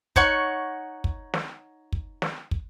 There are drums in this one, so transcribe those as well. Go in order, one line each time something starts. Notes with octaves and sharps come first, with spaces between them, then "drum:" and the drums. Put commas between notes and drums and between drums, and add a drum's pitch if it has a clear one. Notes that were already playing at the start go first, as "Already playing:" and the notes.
D#4 C#5 F#5 C#6, drum: kick
drum: kick
drum: snare
drum: kick
drum: snare
drum: kick